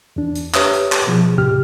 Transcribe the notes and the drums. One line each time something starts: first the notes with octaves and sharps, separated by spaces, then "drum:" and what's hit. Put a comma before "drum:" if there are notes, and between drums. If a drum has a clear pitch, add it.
E2 D4
drum: hi-hat
G4 B4 C#5 E5 D#6, drum: clap
drum: hi-hat
drum: clap
B2 F3 G#4
E2 A2 C3 G4 F6